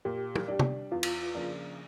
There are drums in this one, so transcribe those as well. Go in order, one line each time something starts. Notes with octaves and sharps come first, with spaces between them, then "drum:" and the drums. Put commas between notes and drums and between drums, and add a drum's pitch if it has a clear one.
A#2 G4
drum: tom
G3 D4
drum: tom
E2 F4
drum: cymbal
C#3 F3 A#3 D4